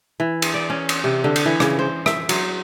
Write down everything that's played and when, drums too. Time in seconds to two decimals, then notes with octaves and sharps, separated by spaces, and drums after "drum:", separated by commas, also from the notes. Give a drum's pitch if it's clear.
0.20 E3
0.42 drum: cymbal
0.54 D5
0.70 C#4
0.89 drum: cymbal
1.04 C3
1.24 D3
1.36 drum: cymbal
1.46 E3
1.60 C#3, drum: rim click
1.79 C5
2.06 E5, drum: rim click
2.29 F#3, drum: cymbal